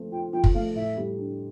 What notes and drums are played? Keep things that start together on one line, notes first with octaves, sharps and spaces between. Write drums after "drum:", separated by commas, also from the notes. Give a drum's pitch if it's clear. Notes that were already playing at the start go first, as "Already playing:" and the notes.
Already playing: F3 A3 C4
F4 G5
F3 G5
drum: kick
A3 F5
A2 E5
G3
D4